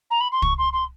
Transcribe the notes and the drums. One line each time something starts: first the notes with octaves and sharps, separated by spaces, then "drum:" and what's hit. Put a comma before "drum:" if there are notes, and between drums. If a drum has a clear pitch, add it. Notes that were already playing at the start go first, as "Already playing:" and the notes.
A#5
B5
C6
C#6, drum: kick
C6
C6